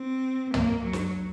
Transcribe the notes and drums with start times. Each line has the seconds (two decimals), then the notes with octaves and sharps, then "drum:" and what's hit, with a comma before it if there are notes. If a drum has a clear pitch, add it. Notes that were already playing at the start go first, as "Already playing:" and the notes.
Already playing: C4
0.54 A#3, drum: tom
0.83 F#3
0.93 drum: snare